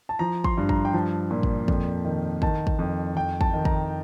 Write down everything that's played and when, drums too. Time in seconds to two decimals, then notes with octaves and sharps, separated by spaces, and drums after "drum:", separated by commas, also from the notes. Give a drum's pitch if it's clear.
0.09 A5
0.19 F3 A#5
0.44 C6, drum: kick
0.58 G2
0.69 A#5, drum: kick
0.85 G5
0.93 F3 A5
1.31 A#2
1.43 drum: kick
1.68 F2, drum: kick
2.05 D#3
2.42 D#3 A5, drum: kick
2.67 drum: kick
2.79 F2
3.16 F2 G5
3.41 A5, drum: kick
3.53 D#3
3.65 A#5, drum: kick